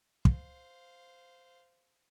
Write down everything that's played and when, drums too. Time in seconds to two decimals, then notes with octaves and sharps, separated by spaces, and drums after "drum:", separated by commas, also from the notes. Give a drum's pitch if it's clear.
0.25 C5 F5, drum: kick